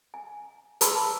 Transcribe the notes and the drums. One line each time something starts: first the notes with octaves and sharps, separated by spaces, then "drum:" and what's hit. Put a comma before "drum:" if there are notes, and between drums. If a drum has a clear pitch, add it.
G#5
G#4 B4 A5 B5 C6 E6, drum: hi-hat